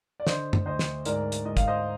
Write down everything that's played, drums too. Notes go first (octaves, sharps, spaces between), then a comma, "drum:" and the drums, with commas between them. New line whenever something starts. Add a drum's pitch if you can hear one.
D5
D3 C5 D#5, drum: snare
drum: tom F#2
D2 C5 D#5
drum: snare
G#2 A#4 D5, drum: hi-hat
drum: hi-hat
G#2 D#5
F5, drum: kick, hi-hat
C5 D#5